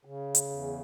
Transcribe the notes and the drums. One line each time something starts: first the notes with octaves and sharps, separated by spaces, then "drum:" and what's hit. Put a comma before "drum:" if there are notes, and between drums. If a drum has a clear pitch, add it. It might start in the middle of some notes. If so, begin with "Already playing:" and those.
C#3
drum: hi-hat
E2